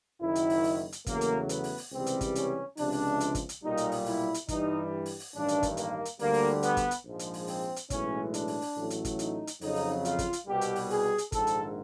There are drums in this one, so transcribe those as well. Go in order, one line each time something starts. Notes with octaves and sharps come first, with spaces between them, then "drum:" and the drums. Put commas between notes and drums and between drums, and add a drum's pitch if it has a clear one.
F#1 F#2 D#3 E4
drum: hi-hat
drum: open hi-hat
drum: open hi-hat
drum: hi-hat
E2 C#3 F#3 A3 A#3, drum: kick, hi-hat
drum: hi-hat
B3, drum: hi-hat
drum: open hi-hat
drum: open hi-hat
C#2 C3 E3 G3 C4
drum: hi-hat
drum: kick, hi-hat
C#4, drum: hi-hat
C#2 C3 F3 D4, drum: open hi-hat
drum: open hi-hat
drum: hi-hat
drum: kick, hi-hat
drum: hi-hat
B1 A#2 G3 D#4
drum: hi-hat
drum: open hi-hat
E4, drum: open hi-hat
drum: hi-hat
G2 E3 G3 D#4, drum: kick, hi-hat
drum: open hi-hat
drum: open hi-hat
A1 G2 D#3 D4
drum: hi-hat
drum: kick, hi-hat
A#3, drum: hi-hat
drum: hi-hat
D2 D3 G3 A#3, drum: open hi-hat
drum: open hi-hat
B3, drum: hi-hat
drum: kick, hi-hat
drum: hi-hat
A#1 G#2 F3 G#3
drum: hi-hat
drum: open hi-hat
C4, drum: open hi-hat
drum: hi-hat
B1 A2 E3 G#3 C#4, drum: kick, hi-hat
D4, drum: hi-hat
drum: open hi-hat
drum: open hi-hat
A1 A2 F#3 A3
drum: hi-hat
drum: kick, hi-hat
D#4, drum: hi-hat
drum: hi-hat
F2 C#3 F#3 D#4, drum: open hi-hat
drum: open hi-hat
F4, drum: hi-hat
drum: kick, hi-hat
drum: hi-hat
C2 B2 G3 G4
drum: hi-hat
drum: open hi-hat
G#4, drum: open hi-hat
drum: hi-hat
A#1 G#2 D#3 A4, drum: kick, hi-hat
drum: hi-hat